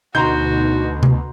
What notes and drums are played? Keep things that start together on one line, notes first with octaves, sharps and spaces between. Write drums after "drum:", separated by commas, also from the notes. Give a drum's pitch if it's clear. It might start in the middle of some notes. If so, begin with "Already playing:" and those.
D2 B2 D#4 F#4 A#5 C6 G6
drum: tom C3